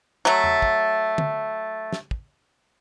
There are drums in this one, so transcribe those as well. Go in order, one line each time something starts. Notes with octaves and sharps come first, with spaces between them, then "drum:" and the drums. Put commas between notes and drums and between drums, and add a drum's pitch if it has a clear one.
F#3 A3
drum: tom E2
drum: kick
drum: tom D3
drum: snare
drum: kick